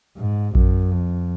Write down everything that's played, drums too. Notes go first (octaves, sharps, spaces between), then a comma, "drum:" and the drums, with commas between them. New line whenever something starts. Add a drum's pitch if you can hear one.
G#2
F#2, drum: kick A#1
F2